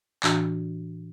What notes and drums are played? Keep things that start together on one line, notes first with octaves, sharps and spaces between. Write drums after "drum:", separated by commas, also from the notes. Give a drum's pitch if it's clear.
A2 E3 D4 F#4, drum: clap